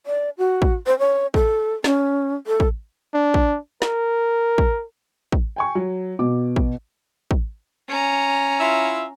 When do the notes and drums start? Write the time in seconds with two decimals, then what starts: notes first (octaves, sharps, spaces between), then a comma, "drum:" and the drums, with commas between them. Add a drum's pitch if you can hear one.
0.06 D5
0.38 F#4
0.62 drum: kick
0.86 C5
0.99 C#5
1.34 A4, drum: kick
1.84 C#4, drum: snare
2.47 A4
2.60 drum: kick
3.14 D4
3.34 drum: kick
3.82 A#4, drum: snare
4.58 drum: kick
5.32 drum: kick
5.56 G5 G#5 C#6
5.75 F#3
6.19 B2 D6
6.56 drum: kick
7.31 drum: kick
7.88 C#4 A#5
8.60 E4 F4 E5